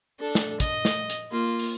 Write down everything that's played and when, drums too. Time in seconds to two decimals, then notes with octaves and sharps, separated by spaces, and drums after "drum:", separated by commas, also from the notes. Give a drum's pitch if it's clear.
0.19 D4 A4
0.35 drum: snare
0.60 D#5, drum: kick, hi-hat
0.85 drum: snare
1.10 drum: hi-hat
1.31 A#3 F4
1.59 drum: open hi-hat